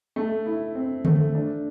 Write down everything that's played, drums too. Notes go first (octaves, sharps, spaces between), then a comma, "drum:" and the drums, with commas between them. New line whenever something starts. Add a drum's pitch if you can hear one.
A3
E4
C4
A3, drum: tom D3
D4